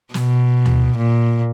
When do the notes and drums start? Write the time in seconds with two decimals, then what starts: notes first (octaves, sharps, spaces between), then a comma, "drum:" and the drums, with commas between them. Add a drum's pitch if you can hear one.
0.14 B2, drum: snare
0.66 drum: tom D2
0.97 A#2